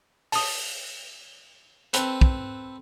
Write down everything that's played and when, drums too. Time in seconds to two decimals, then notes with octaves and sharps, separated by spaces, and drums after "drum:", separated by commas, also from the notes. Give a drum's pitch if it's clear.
0.32 A5 D#6, drum: open hi-hat
1.93 C4 A4 B4, drum: hi-hat
2.21 drum: kick